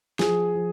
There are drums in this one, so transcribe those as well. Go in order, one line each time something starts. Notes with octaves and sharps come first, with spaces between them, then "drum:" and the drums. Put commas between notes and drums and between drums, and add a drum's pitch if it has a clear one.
F3 G#4, drum: snare
F3